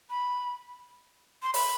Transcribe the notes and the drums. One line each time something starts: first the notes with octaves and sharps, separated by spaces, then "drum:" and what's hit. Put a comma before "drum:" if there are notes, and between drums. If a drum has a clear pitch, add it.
B5
C6
B5, drum: open hi-hat